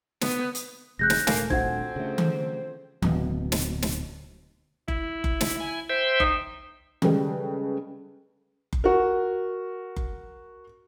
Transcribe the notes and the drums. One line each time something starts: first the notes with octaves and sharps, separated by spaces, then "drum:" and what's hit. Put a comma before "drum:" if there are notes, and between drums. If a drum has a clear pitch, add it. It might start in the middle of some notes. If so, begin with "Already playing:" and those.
B3, drum: snare
drum: hi-hat
E1 C3 G#3 F#6 G6 A#6
drum: snare
D#1 A3 A#3 G#5, drum: snare
F2 C4 D4 F#4 C5 F#5 G#6, drum: kick F#1
C#3 A3
drum: tom D#3
D1 B2, drum: tom D#3
drum: snare
drum: snare
E4, drum: kick F#1
drum: kick F#1
E5, drum: snare
G#5
C5 E5 G5
D#4, drum: kick F#1
C#3 G3 G#3 A4 B4 G5, drum: tom D#3
drum: kick F#1
F#4 A#4
drum: kick F#1